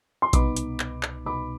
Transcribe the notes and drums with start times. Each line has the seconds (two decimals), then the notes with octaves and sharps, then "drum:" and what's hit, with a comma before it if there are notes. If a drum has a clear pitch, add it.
0.22 C6
0.33 C2 B2 B3 D#4 B5 D6, drum: kick A#1, hi-hat
0.56 drum: hi-hat
0.80 drum: clap
1.03 drum: clap
1.26 C2 B2 B3 D#4 B5 D6